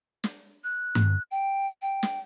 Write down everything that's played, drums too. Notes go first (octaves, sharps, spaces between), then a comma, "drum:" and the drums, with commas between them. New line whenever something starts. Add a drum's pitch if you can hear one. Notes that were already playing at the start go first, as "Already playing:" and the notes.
drum: snare
F#6
drum: tom G2
G5
G5
drum: snare